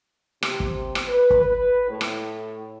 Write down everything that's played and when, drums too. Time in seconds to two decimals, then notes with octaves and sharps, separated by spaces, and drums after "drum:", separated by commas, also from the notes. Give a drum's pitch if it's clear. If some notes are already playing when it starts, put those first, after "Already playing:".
0.42 C3, drum: rim click
0.60 drum: kick
0.95 drum: rim click
1.07 B4
1.30 drum: kick
1.43 B4
1.88 A2
2.01 drum: rim click